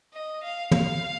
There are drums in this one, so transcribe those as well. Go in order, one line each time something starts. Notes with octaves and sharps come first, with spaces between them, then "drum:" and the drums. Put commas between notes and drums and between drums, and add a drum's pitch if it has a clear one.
D#5
F5
F5, drum: tom